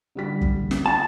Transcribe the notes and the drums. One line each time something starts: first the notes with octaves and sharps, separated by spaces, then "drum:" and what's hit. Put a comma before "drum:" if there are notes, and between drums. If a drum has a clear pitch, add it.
D3 G3 B6
drum: kick
drum: snare
A5